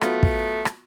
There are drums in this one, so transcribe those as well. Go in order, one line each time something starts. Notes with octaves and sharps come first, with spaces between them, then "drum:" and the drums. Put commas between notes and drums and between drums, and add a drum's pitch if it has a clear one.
F#3 A3 B3 F4, drum: rim click
drum: kick
drum: rim click